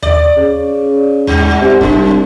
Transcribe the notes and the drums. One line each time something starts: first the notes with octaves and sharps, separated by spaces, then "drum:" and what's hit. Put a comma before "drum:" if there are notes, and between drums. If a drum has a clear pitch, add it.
D5, drum: tom D#2
C#3
G2, drum: tom D#2
C3
C2 F#2, drum: kick